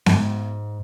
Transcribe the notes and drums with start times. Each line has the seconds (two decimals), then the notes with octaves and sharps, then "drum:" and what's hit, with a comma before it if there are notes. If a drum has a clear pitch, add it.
0.06 G#2, drum: snare B3